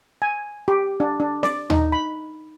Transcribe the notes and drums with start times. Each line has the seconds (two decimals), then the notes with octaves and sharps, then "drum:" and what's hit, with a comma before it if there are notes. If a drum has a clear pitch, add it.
0.22 G#5
0.68 G4
1.00 D4
1.20 D4
1.43 D5, drum: snare C4
1.70 D#4, drum: tom D#2
1.92 B5